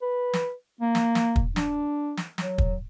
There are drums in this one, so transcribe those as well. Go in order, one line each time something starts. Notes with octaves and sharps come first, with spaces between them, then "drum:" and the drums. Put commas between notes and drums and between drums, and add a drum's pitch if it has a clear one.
B4
drum: snare
A#3
drum: snare
drum: snare
drum: kick
D4, drum: snare
drum: snare
F#3, drum: snare
drum: kick